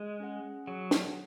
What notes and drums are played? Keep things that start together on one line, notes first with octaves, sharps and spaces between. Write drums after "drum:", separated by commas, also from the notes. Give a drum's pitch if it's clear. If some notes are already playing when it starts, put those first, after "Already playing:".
Already playing: G#3
C#4 G#4 F#5
F#3 G#4 C#5 F#5
drum: snare